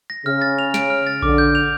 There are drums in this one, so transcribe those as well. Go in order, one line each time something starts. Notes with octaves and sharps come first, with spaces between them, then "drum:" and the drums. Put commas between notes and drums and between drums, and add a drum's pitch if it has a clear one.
A#6
C#3 F6
A6
F7
D7, drum: snare
F6
A6
D3 D6, drum: kick A#1
G6
F7